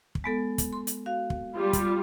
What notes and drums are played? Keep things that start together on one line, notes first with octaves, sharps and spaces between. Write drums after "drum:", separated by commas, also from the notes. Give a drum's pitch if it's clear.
drum: kick
G#3 B3 A4
drum: kick, hi-hat
C6
drum: hi-hat
F#4 F5
drum: kick
G3 F4
drum: kick, hi-hat